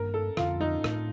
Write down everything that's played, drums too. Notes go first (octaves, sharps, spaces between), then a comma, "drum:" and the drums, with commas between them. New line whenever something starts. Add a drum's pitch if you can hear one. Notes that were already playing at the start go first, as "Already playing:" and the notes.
Already playing: G2 D#3 A#3 D4 A#4
A4
F2 D3 F3 C4 F4, drum: rim click
D#4
A2 A3 C4, drum: rim click